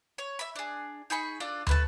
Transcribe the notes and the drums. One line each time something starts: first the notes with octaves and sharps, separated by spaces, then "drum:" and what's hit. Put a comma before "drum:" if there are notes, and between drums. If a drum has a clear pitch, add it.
C#5
E5 B5
D4 G#4
D#4 G#4 B5 C#6
D4 F4 A4 D5
A3 B4 A5, drum: tom